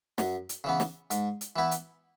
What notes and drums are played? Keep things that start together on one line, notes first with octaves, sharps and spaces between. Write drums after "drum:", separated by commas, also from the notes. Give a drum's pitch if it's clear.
F#2, drum: snare
drum: hi-hat
C#3 E3 B3
drum: snare
G#2, drum: hi-hat
drum: hi-hat
E3 B3 E4
drum: hi-hat